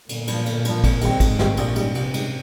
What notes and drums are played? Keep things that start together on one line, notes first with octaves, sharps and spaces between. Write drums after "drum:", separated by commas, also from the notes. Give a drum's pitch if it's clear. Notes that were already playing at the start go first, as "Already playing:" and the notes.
G1 A#2, drum: cymbal
G2 F3, drum: cymbal
G1, drum: cymbal
G2 F3, drum: cymbal
F2, drum: kick, cymbal
D#3 G3 C4 G4, drum: cymbal
F2 G#2, drum: kick, cymbal
D#3 G3 C4 G4, drum: snare
A#1 A#2, drum: cymbal
G#2 G3 C#4, drum: cymbal
A#1 C3, drum: cymbal
G#2 G3 C#4, drum: cymbal